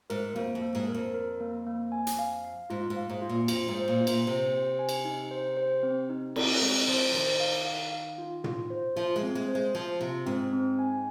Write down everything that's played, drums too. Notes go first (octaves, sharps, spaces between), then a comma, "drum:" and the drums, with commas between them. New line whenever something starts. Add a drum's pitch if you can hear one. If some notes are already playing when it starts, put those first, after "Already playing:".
G#2 A#4
F2 A#3
F2
A#3
G#2
A#4
F2
A#4
A#3
A#3
G#5
drum: hi-hat
F5
F5
G#2 F4
G#2
F5
G#2
F4
A#2
F2 F4, drum: cymbal
G#2
C5
A#2
F4
A#2, drum: cymbal
C3 C5
C5
G#5
drum: cymbal
D#4
C5
C5
C4
D#4
C4, drum: cymbal
G#3 C4
F3 C5
D#3 C5
F5
F5
F5
F4
F4, drum: tom
C5
F3 F4
G#3
C4
G#3
C5
G#3
F3 F4
C3 F4
G#2 C4
C4
G#5